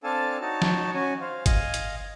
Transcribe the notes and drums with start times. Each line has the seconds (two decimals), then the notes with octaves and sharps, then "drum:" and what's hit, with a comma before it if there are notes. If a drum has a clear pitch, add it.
0.04 C4 D4 A4 F5 G#5 A5
0.41 D#4 F#4 C#5 A5
0.62 drum: snare
0.94 C#4 F#4 G#5
1.21 C5 F5
1.46 D#5 F5 G#5, drum: kick G1, hi-hat
1.74 drum: hi-hat